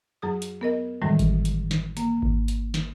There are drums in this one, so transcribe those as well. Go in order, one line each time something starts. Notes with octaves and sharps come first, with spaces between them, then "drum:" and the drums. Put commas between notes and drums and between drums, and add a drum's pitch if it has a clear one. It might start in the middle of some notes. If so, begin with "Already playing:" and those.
F#2 F#3 G#4 D#6
drum: hi-hat
B3 A#4 D#5
F#2 A2 D#3 E3 G3 G#3
drum: kick G#1, hi-hat
drum: hi-hat
drum: snare
A#3, drum: hi-hat
drum: kick G#1
drum: hi-hat
drum: snare